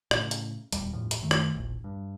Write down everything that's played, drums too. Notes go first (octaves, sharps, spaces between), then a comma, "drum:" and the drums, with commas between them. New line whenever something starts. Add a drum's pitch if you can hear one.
A2 C#3, drum: rim click
drum: hi-hat
D#1 G#1 E2 G3, drum: hi-hat
G1 E2 A2 F3
drum: hi-hat
F#2 D#3 A3
drum: rim click
E1 A#1
G2